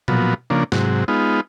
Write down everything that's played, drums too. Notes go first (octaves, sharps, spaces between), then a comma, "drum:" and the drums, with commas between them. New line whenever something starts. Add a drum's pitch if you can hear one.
A#2 F3 F#3 B3, drum: tom B2
C#3 F3 A#3 D4
G#2 C3 F#3, drum: snare
G#3 B3 D#4 F4